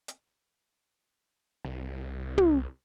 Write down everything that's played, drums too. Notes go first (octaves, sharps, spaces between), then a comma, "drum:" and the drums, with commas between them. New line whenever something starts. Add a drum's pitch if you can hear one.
drum: hi-hat
C2
drum: tom